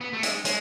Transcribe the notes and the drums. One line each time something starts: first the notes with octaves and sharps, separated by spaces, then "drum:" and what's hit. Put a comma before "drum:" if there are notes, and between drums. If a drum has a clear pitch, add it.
B3
A3
G#3, drum: hi-hat
G#3, drum: hi-hat